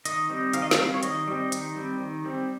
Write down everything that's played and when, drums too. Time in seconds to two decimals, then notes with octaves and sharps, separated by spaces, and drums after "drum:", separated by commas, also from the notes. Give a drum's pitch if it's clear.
0.05 D#3 D#5, drum: hi-hat
0.30 G3 C4
0.53 D#3 F5, drum: hi-hat
0.62 D#5
0.71 F5, drum: snare
0.79 G3 C4
0.94 C#5
1.03 D#3 D#5, drum: hi-hat
1.27 G3 C4
1.52 D#3, drum: hi-hat
1.76 G3 C4
2.00 D#3
2.25 G3 C4